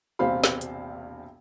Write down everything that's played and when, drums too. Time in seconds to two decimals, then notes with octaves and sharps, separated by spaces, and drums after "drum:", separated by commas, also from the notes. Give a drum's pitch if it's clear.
0.19 E1 A#1 C3 C5 F5 B5
0.44 drum: snare
0.61 drum: hi-hat